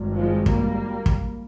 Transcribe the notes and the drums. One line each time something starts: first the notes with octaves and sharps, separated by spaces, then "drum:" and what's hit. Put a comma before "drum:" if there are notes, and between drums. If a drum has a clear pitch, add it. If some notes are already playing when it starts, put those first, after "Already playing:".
Already playing: G#1 G2
F3 G#3
G3 A#3, drum: kick
drum: kick